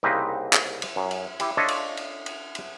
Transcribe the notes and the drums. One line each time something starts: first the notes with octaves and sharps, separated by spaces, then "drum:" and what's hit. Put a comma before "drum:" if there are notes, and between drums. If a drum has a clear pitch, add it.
C2 C#3 A#3 C4 D#4 B4
drum: clap
drum: cymbal
F#2
drum: cymbal
E4 G4, drum: cymbal
D4 F4 A4 C#5 D#5 E5
drum: cymbal
drum: cymbal
drum: cymbal
drum: cymbal